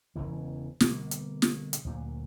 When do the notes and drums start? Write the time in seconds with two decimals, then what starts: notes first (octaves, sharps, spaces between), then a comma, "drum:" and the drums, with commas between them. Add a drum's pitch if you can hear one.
0.16 E1 D2 C#3 E3
0.80 B2 D3 G3 A#3, drum: snare
1.11 drum: hi-hat
1.42 drum: snare
1.73 drum: hi-hat
1.85 D2 A#2 F#3